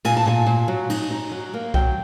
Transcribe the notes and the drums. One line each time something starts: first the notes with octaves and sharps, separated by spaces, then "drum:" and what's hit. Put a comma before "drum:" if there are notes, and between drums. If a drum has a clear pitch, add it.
A#2 G#5, drum: cymbal
A5
A#2 G#5
A#2
F#3
D#4, drum: cymbal
D#4
F#3
A#3
F#3 G5, drum: kick C2